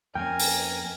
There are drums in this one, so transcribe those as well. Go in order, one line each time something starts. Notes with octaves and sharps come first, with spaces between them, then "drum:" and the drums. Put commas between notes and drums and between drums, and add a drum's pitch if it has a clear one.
F2 A#3 C#4 A#4 G5 G#5
drum: open hi-hat